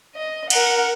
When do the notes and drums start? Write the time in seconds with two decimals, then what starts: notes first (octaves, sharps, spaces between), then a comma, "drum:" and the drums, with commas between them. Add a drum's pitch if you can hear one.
0.15 D#5
0.50 A#4 F#5, drum: cymbal